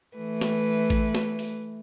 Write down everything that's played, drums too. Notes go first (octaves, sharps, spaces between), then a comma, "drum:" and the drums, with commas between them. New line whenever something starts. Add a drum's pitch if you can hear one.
E3 A3 B4
drum: snare
drum: kick A1, hi-hat
drum: snare
drum: open hi-hat